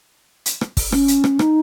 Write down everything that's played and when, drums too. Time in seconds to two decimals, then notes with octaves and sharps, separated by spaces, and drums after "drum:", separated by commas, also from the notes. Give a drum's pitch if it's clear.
0.46 drum: hi-hat
0.61 drum: rim click
0.77 drum: kick, open hi-hat
0.92 C#4, drum: rim click
1.08 drum: hi-hat
1.24 drum: rim click
1.39 D#4, drum: rim click